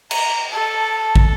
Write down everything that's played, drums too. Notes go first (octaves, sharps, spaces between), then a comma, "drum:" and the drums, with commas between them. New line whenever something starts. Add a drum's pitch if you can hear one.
A#5, drum: cymbal
A4 A5
drum: kick